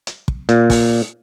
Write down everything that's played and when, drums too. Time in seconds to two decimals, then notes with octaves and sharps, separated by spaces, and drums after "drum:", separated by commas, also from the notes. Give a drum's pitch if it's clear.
0.07 drum: hi-hat
0.28 drum: kick
0.49 A#2, drum: hi-hat
0.70 drum: kick, open hi-hat